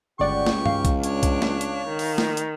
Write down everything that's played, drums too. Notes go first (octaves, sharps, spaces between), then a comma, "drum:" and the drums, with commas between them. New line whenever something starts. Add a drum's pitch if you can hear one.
G1 C#2 G4 D5 F#5 C#6
drum: snare
F5, drum: tom G2
drum: kick B1, hi-hat
D4 C#5, drum: hi-hat
drum: kick B1, hi-hat
drum: snare
drum: hi-hat
D#3
drum: open hi-hat
drum: snare
drum: hi-hat